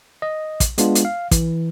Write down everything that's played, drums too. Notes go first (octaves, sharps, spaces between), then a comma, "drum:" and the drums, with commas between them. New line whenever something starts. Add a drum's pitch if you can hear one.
D#5
drum: kick, hi-hat
G#3 B3 D4 F4, drum: hi-hat
drum: hi-hat
F5
E3, drum: kick, hi-hat